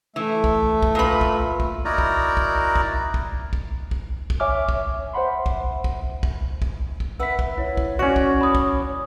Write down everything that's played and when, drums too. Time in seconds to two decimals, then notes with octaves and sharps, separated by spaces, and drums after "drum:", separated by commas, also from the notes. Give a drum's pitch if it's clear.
0.16 E3 A3 E5
0.44 drum: kick
0.83 drum: kick
0.95 A#2 B4
1.21 drum: kick
1.60 drum: kick
1.85 D#4 E4 F#4 A#4 D5 A#5
1.98 drum: kick
2.37 drum: kick
2.76 drum: kick
3.14 drum: kick
3.53 drum: kick
3.91 drum: kick
4.30 drum: kick
4.40 C#5 E5 G#5 D6 F6
4.69 drum: kick
5.13 C5 E5 F#5 B5 C6
5.46 drum: kick
5.84 drum: kick
6.23 drum: kick
6.62 drum: kick
7.00 drum: kick
7.20 B4 E5 F#5 E6 B6
7.39 drum: kick
7.58 E4 C#5
7.77 drum: kick
7.99 C#4 F#4 D5
8.16 drum: kick
8.41 B5 D#6
8.55 drum: kick